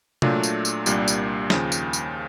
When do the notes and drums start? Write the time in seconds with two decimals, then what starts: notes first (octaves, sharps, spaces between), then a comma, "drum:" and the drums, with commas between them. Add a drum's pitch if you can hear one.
0.22 A#2 F#3 A3 D4 F4, drum: tom
0.43 drum: tambourine
0.65 drum: tambourine
0.86 C2 A#2 G3 A#3 D4, drum: tambourine
1.08 drum: tambourine
1.50 D#2 C#3 F3, drum: snare
1.72 drum: tambourine
1.93 drum: tambourine